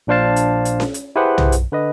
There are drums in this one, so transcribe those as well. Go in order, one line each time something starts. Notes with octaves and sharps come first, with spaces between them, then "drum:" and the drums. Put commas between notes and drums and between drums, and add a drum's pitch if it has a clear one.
A#1 A#2 D4 C5 F5 A5
drum: hi-hat
drum: hi-hat
drum: snare C#4
drum: hi-hat
E4 G4 G#4 B4 C5 F#5
drum: tom
drum: hi-hat
D3 B4 D#5